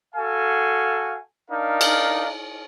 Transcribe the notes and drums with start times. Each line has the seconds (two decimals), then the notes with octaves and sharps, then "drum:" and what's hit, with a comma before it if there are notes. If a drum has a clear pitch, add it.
0.14 F#4 A4 F5 G#5
1.49 D4 D#4 A#4 F5
1.81 drum: cymbal